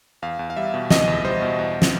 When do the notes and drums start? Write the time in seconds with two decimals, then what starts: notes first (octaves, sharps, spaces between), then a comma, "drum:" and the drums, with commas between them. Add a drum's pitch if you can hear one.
0.22 E2 F5
0.39 E2
0.50 F5
0.56 G3 E5
0.74 B2
0.90 E2 D#5, drum: snare
1.07 E2
1.24 G3 C5
1.42 B2
1.59 E2
1.82 drum: snare